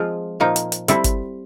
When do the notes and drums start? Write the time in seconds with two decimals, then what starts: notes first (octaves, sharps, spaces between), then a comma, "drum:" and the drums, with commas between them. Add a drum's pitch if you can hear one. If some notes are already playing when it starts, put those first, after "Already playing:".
Already playing: F3 G#3 C4 F4
0.40 A#2 F3 A#3 D#4
0.56 drum: hi-hat
0.72 drum: hi-hat
0.88 G3 C4 E4 A4, drum: hi-hat
1.04 drum: kick G1, hi-hat